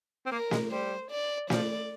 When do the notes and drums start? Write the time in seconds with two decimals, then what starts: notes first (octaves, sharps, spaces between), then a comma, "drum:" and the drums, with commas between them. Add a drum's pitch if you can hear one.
0.26 C4
0.32 A#3 A#4
0.51 G#3, drum: snare
0.71 G3 C5
1.11 D5
1.50 F3 D5, drum: snare